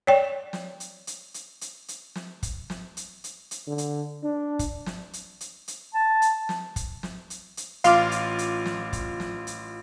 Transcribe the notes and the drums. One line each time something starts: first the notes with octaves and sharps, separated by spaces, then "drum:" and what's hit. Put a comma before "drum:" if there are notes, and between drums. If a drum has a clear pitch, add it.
C#5 D5 G5
drum: snare
drum: hi-hat
drum: hi-hat
drum: hi-hat
drum: hi-hat
drum: hi-hat
drum: snare
drum: kick, hi-hat
drum: snare
drum: hi-hat
drum: hi-hat
drum: hi-hat
D3
drum: hi-hat
D4
drum: kick, hi-hat
drum: snare
drum: hi-hat
drum: hi-hat
drum: hi-hat
A5
drum: hi-hat
drum: snare
drum: kick, hi-hat
drum: snare
drum: hi-hat
drum: hi-hat
A1 F4 F5 C6 D6 F6, drum: hi-hat
drum: hi-hat
drum: hi-hat
drum: snare
drum: kick, hi-hat
drum: snare
drum: hi-hat